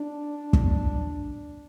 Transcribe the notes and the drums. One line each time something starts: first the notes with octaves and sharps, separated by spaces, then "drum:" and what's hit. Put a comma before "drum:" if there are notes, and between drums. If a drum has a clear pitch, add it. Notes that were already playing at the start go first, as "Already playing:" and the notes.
Already playing: D4
drum: kick